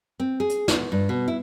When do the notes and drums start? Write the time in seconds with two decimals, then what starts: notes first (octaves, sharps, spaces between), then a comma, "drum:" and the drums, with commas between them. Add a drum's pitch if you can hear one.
0.20 C4
0.40 G#4
0.49 drum: hi-hat
0.68 B3, drum: snare
0.92 G2
1.09 B2
1.28 E4